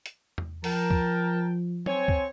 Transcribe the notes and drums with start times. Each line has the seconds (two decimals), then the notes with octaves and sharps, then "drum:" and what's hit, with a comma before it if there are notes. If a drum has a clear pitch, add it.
0.06 drum: hi-hat
0.38 drum: tom E2
0.64 F3 A#4 G5 A5, drum: open hi-hat
0.91 drum: kick
1.86 C4 C#5 G#5, drum: tom F#3
2.08 drum: kick